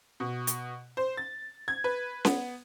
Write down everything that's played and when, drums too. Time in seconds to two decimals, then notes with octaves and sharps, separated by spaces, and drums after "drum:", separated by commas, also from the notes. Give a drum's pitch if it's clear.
0.20 B2
0.47 drum: hi-hat
0.97 C5
1.17 A6
1.68 G#6
1.84 B4
2.25 B3, drum: snare C#4